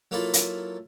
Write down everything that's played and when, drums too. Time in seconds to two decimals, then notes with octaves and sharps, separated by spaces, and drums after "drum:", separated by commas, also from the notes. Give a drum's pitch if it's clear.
0.11 F#3 A#3 E4 F4 A4 B5
0.34 drum: hi-hat